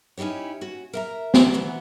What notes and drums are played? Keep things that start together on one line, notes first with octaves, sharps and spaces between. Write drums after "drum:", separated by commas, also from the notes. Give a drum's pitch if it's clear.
C#4 D#4 E4 G4 C#5
C#4 F#4
A#4 E5 A#5
drum: snare
E3 F#3 B3 C4